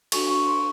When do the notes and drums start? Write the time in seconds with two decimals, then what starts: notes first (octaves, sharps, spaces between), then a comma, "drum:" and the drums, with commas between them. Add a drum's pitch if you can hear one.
0.12 D4 F#4 A4 C#6, drum: cymbal
0.29 C#6
0.47 C6